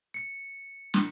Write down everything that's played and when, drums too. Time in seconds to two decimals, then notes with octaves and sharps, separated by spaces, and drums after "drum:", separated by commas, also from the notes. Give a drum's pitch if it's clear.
0.14 C#7
0.94 drum: snare